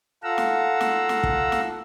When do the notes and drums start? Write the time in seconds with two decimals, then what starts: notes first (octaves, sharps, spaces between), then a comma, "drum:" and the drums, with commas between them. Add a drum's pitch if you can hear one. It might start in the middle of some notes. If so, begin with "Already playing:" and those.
0.23 F4 A4 F5 F#5 A#5 E6
0.38 drum: snare
0.81 drum: snare
1.09 drum: snare
1.23 drum: kick
1.52 drum: snare